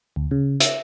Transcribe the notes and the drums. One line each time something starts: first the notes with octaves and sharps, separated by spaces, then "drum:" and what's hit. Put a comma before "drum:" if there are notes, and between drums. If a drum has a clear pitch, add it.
D2
C#3
E5, drum: hi-hat